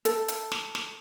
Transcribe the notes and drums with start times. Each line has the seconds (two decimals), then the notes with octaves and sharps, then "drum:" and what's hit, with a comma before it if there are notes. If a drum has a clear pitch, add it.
0.05 A4, drum: hi-hat
0.28 drum: hi-hat
0.52 drum: snare
0.75 drum: snare